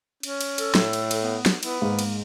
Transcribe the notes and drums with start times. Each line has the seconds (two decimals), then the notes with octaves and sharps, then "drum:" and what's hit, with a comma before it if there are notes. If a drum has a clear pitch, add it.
0.23 C#4, drum: cymbal
0.41 drum: cymbal
0.58 A4, drum: cymbal
0.75 A2, drum: snare
0.93 drum: cymbal
1.11 drum: cymbal
1.22 B3
1.46 drum: snare
1.63 B3 E4, drum: cymbal
1.82 G#2 A#3
1.99 drum: cymbal